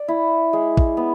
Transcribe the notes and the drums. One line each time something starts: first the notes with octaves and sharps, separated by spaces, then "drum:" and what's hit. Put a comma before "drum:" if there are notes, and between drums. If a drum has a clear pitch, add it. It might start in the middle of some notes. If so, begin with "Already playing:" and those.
Already playing: D5
E4
G#3
drum: kick
B3